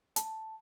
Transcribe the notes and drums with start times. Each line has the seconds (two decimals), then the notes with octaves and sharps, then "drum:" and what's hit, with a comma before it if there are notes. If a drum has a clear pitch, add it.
0.16 A5, drum: hi-hat